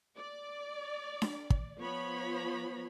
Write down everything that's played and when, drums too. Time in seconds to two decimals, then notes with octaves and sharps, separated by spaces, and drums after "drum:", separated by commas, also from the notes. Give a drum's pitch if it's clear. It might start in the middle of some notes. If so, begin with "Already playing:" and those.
0.16 D5
1.22 drum: snare D4
1.50 drum: kick
1.79 F3 B3 C#5 B5